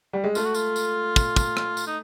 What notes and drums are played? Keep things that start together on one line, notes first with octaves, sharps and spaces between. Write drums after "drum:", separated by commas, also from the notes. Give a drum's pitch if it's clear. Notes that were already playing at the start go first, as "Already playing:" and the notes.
G3
G#3
A3 F4, drum: tambourine
F#4
F4, drum: tambourine
drum: tambourine
drum: kick, tambourine
drum: kick, tambourine
drum: rim click
drum: tambourine
D#4